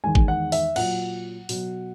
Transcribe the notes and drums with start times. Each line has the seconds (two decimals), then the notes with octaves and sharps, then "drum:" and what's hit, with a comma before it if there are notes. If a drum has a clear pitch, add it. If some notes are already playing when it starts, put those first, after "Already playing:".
0.04 E2 D#3 G#3 G#5
0.15 drum: kick
0.28 F#5
0.52 E5, drum: open hi-hat
0.76 A#2 F#3 F#5, drum: cymbal
1.49 B2 F#3, drum: open hi-hat